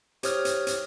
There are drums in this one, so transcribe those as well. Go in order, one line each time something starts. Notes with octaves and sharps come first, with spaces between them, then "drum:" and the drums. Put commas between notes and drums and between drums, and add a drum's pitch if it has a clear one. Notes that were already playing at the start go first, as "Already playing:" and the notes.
G4 C5 C#5 D#6 F6, drum: hi-hat
drum: hi-hat
drum: hi-hat